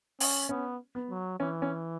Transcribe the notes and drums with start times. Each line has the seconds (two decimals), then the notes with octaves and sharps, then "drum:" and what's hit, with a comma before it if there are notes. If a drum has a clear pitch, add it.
0.20 C#4, drum: open hi-hat
0.49 B3 C#4
0.95 B3
1.10 F#3
1.40 E3 C#4
1.62 C#4